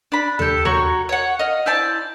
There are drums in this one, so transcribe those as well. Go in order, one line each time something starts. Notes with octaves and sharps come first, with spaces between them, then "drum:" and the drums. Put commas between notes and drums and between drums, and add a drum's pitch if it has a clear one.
D4 B5
G4 A4, drum: tom D#2
F#4 C#5 A#5 C#6, drum: tom D#2
C#5 F#5
D#5 F5
E4 C5 D5 A5